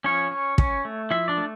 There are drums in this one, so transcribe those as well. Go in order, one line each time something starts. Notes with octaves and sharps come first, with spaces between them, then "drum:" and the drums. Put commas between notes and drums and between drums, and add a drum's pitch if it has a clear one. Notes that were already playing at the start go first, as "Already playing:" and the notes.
F3 C#4 C#5
C#4
C#4, drum: kick
A3
F3 E4 E5
D4 D5
A3